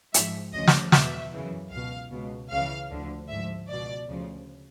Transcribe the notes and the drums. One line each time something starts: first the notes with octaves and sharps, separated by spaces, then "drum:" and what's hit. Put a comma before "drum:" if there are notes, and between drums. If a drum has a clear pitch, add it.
G#2 F3 E5, drum: hi-hat
D2 C#3 F3 D#5
drum: snare
E2 B2 E5, drum: snare
F#2 C#3 E3
C#2 B2 F5
C#2 B2
C#2 C#3 E3 F5
D2 D3 F3
G#2 F3 E5
C#2 B2 D5
D2 C#3 F3